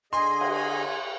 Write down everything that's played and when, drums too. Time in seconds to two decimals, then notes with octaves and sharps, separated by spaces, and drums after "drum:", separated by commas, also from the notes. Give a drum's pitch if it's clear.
0.13 D3 G#4 D#5 G#5 C6
0.41 drum: cymbal